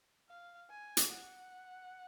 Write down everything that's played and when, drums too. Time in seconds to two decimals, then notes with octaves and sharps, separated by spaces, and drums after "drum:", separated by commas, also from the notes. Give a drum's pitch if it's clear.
0.29 F5
0.70 G#5
0.97 drum: hi-hat
1.10 F#5